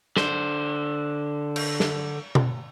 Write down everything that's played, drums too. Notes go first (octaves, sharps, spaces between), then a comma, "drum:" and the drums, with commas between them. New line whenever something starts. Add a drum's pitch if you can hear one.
D3 C5, drum: snare
drum: cymbal
drum: snare
drum: tom B2